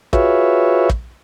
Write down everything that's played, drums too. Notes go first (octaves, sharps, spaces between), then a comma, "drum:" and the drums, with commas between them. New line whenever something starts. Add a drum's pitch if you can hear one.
F4 F#4 G#4 B4 C#5 E5, drum: kick
drum: kick